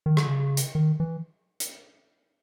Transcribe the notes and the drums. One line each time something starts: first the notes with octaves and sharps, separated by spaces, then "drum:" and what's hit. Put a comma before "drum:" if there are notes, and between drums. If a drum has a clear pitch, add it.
D#3
D3, drum: rim click
C#3
drum: hi-hat
D#3
E3
drum: hi-hat